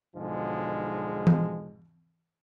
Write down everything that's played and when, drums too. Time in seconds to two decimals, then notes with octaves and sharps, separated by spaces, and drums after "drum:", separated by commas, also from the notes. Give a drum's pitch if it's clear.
0.16 B1 G#2 B2 D3 F3 G#3
1.27 drum: tom E3